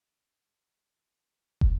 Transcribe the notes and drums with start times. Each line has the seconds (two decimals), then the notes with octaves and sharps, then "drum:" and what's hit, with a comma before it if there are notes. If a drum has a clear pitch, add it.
0.18 E4
0.63 A4 F5
1.01 A5
1.61 drum: kick